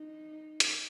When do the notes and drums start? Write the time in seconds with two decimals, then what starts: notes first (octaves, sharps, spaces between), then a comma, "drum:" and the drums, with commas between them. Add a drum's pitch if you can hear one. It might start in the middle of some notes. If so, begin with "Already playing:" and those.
Already playing: D#4
0.60 drum: hi-hat